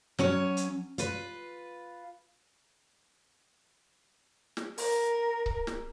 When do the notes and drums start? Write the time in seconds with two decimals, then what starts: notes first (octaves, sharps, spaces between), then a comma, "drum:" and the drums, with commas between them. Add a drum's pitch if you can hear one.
0.19 F#3 C#4 C#5, drum: snare
0.57 drum: hi-hat
0.98 F4 B4, drum: hi-hat
4.57 drum: snare
4.78 A#4, drum: open hi-hat
5.46 drum: kick C#1
5.67 drum: snare